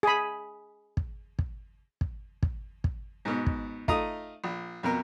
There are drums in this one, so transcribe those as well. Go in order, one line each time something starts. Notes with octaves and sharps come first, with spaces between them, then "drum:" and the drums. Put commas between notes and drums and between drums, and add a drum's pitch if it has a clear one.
G#4 B5
drum: kick
drum: kick
drum: kick
drum: kick
drum: kick
G#2 B2
drum: kick
A3 D#4 F4 A#5 D#6, drum: kick
A#1
F2 B2 A#4